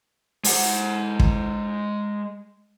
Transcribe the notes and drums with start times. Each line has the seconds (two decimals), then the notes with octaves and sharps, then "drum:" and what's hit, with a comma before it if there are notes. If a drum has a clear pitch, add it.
0.44 G#3 F#5, drum: open hi-hat
1.20 drum: kick